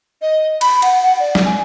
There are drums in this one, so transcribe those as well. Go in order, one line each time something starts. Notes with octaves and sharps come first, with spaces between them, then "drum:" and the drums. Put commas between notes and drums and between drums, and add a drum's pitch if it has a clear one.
D#5
B5, drum: cymbal
F#5, drum: cymbal
F#5
D5
drum: snare
G#5